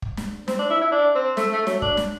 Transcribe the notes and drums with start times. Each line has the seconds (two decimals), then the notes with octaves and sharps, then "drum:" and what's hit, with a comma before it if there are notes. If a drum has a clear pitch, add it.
0.02 drum: kick
0.17 drum: snare
0.48 C4, drum: snare
0.59 D4
0.70 E4
0.82 E4
0.92 D4
1.15 C4
1.37 A3, drum: snare
1.53 A3
1.67 F#3, drum: snare
1.82 D4, drum: kick
1.97 drum: snare